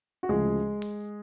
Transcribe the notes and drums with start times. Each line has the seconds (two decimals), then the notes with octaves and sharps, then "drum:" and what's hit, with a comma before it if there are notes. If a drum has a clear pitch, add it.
0.23 F#4
0.29 D2 C#3 F3 G#3 G#4
0.82 drum: open hi-hat